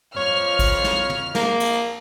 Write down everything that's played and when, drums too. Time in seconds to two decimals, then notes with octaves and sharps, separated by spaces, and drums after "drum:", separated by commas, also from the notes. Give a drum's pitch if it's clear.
0.17 F2 C#5 F6
0.59 drum: kick A1, cymbal
0.84 drum: snare
1.10 drum: tom
1.35 A#3, drum: snare
1.60 drum: cymbal